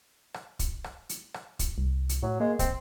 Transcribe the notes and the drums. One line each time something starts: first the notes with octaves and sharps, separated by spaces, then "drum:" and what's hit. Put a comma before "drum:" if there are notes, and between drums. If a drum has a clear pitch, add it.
drum: rim click
drum: kick, hi-hat
drum: rim click
drum: hi-hat
drum: rim click
drum: kick, hi-hat
C2
drum: hi-hat
A2 F#3
G#3 A#3
G#1 C4, drum: kick, hi-hat